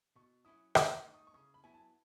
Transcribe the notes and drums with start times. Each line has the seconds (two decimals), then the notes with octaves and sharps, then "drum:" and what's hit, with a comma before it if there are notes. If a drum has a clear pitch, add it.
0.16 B2 C#6
0.45 F#3 C#4 E4 D#6
0.75 D#3 C#6, drum: rim click
0.95 C#6
1.04 A3 D#4
1.14 D#6
1.27 C#6
1.34 C#3 D#6
1.54 B5
1.64 F#3 B3 E4 G#5
1.74 A5